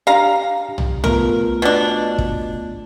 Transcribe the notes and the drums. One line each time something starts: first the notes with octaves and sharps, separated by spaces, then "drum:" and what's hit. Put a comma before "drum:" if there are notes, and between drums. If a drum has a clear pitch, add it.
D4 G4 F5 A#5
drum: tom
A3 B3 F4 A#4, drum: tom
B2 D4
drum: kick